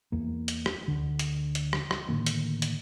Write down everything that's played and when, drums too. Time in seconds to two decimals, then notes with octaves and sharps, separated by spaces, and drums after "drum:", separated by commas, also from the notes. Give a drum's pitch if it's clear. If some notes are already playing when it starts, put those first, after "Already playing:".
0.12 E2 A#3
0.48 drum: hi-hat
0.66 drum: rim click
0.88 D2 D3
1.19 drum: hi-hat
1.55 drum: hi-hat
1.73 drum: rim click
1.91 drum: rim click
2.09 A2 D3 D#3 A#3
2.26 drum: hi-hat
2.62 drum: hi-hat